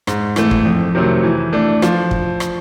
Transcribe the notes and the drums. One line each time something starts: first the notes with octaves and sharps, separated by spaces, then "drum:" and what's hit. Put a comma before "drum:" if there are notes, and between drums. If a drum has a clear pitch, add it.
G#2, drum: rim click
E3 A3, drum: rim click
drum: kick
F2
C3 D#3 F#3 A3
E3
A3 D4
F3, drum: rim click
drum: kick
drum: rim click